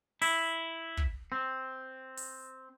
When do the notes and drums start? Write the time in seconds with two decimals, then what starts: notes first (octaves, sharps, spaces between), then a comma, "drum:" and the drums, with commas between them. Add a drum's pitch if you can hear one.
0.22 E4, drum: open hi-hat
0.97 drum: kick
1.32 C4
2.17 drum: open hi-hat